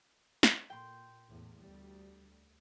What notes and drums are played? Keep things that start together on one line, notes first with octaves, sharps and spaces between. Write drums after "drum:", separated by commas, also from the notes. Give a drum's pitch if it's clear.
drum: snare
A#2 G5 C6
E2 A2
D2 G3